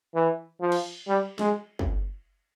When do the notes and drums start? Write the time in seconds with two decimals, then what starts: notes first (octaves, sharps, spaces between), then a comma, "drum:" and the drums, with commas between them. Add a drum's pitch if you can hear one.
0.15 E3
0.61 F3
0.72 drum: cymbal
1.08 G3
1.39 G#3, drum: snare
1.79 drum: kick